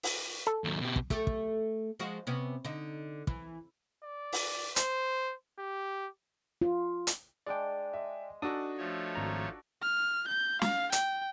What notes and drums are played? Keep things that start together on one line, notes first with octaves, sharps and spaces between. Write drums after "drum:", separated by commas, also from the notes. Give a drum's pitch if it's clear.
drum: open hi-hat
A4
D#2 F#3
B2 G4
drum: kick
A3 G4 A4, drum: kick
drum: kick
F3 G#3 F#4
C3 B3 C#4
D3 D#4
E3, drum: kick
D5
drum: open hi-hat
C5, drum: hi-hat
G4
F4
drum: hi-hat
G#3 D4 D5 G5
D#5 E5
D4 D#4 F#4 A4 D#6
F3 A3 C#5
G#1 A#5
F6
G6
F5, drum: snare
G5, drum: hi-hat